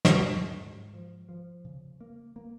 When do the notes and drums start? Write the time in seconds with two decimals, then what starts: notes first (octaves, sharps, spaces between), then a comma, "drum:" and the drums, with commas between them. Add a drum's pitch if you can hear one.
0.05 drum: snare
0.21 G#2
0.57 G#2
0.93 F3
1.29 F3
1.64 C#3
2.01 A#3
2.36 A#3